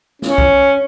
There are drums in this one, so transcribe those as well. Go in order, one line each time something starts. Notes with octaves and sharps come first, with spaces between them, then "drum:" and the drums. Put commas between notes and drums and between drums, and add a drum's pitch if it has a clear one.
C#4, drum: snare
drum: kick B1